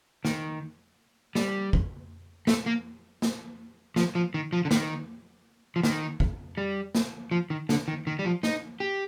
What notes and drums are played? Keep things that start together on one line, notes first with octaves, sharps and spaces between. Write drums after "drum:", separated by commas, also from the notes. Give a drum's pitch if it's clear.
D#3, drum: snare
G3, drum: snare
drum: kick
A3, drum: snare
A#3
drum: snare
F3, drum: snare
F3
D#3
F3
D3
D#3, drum: snare
F3
D#3, drum: snare
drum: kick
G3
drum: snare
F3
D#3
D3, drum: snare
D#3
D#3
G3
F3
D#4, drum: snare
G4